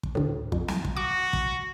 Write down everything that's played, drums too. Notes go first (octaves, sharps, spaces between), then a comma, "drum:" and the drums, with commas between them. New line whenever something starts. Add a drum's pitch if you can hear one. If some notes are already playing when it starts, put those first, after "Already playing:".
drum: kick
D2 A2
F2, drum: kick
drum: snare
drum: kick
F#4 D6
drum: kick